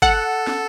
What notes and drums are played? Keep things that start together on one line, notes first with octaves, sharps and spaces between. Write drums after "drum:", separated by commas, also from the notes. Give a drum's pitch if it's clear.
A4 F#5, drum: kick G1
drum: snare